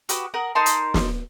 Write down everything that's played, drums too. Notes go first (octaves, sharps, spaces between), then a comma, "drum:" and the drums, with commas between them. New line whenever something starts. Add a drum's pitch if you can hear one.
F#4 G4 B4 D#6, drum: hi-hat
A#4 F#5 D#6
D#4 A#4 A5 C6
drum: hi-hat
drum: snare